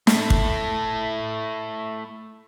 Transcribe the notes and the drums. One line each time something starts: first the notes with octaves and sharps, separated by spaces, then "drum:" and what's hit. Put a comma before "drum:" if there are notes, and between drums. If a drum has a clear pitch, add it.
A3 E4, drum: snare
drum: kick